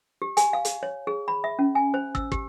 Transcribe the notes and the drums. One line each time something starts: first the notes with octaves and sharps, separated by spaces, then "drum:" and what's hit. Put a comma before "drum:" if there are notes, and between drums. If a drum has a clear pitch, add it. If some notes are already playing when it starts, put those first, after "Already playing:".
G4
G#5, drum: hi-hat
F5
drum: hi-hat
C#5
G#4
B5
E5
C#4
G#5
C5
E6, drum: kick
G4, drum: kick